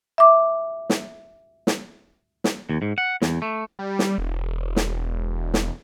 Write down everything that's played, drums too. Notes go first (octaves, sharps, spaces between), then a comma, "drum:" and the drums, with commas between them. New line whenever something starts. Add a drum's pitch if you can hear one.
E5 D6
drum: snare
drum: snare
drum: snare
D#2
G#2
F#5
E2, drum: snare
A3
G3
drum: snare
E1
drum: snare
drum: snare